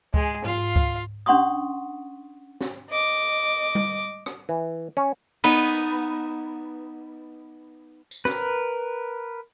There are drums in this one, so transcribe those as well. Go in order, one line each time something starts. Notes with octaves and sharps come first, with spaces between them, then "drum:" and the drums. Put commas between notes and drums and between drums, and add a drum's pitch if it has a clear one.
G#3 G#4, drum: kick C#2
F4 F5, drum: tom G#2
drum: kick C#2
C#4 D4 F#5 C6 C#6 D#6
drum: snare
D#5 D6
drum: tom G3
drum: rim click
E3
C#4
B3 D#4 B4, drum: cymbal
drum: tambourine
A#4 B4, drum: snare